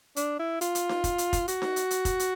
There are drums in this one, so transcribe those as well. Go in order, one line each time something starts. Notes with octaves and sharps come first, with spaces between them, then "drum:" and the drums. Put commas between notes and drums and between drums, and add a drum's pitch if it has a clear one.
D4, drum: hi-hat
E4
F4, drum: hi-hat
drum: hi-hat
drum: snare D#4
drum: kick, hi-hat
drum: hi-hat
drum: kick, hi-hat
F#4, drum: hi-hat
drum: snare D#4
drum: hi-hat
drum: hi-hat
drum: kick, hi-hat
drum: hi-hat